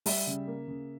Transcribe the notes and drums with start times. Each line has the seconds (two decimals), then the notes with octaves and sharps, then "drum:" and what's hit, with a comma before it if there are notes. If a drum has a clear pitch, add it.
0.06 G3 E5, drum: open hi-hat
0.27 C#3
0.47 A#3
0.68 C#3